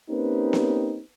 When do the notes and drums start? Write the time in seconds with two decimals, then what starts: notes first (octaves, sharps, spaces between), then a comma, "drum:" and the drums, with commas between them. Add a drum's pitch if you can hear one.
0.10 A#3 C4 C#4 D#4 G4 B4
0.53 drum: snare B3